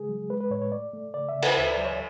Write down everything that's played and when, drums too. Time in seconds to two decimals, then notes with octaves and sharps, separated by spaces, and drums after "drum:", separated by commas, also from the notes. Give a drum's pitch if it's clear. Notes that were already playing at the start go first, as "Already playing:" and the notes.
Already playing: C#3 G#3 G#4
0.09 F#3
0.30 G#3 B4
0.40 B4
0.50 A2 C#5
0.62 C#5
0.72 A3 D5
0.93 A3
1.14 C#3 D5
1.29 E5
1.35 C#3
1.42 F#5, drum: cymbal
1.56 D2 E5
1.71 D5
1.78 F#3
1.85 C#5